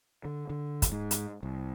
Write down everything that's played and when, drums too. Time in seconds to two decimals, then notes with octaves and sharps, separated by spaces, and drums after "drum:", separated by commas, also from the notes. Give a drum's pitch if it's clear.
0.25 D3
0.50 D3
0.82 drum: kick, hi-hat
0.92 G#2
1.11 drum: hi-hat
1.43 C2